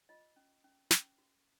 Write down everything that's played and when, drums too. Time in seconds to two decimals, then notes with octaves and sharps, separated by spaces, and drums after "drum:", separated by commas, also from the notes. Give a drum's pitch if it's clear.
0.09 F4 D#5
0.36 C#4
0.64 C#4
0.91 C#4, drum: snare
1.18 F#4